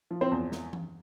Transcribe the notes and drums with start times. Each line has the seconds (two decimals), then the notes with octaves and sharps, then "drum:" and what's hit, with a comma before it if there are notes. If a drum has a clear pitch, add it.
0.11 F3
0.21 C4 C5
0.32 E2
0.52 drum: snare
0.73 drum: tom E3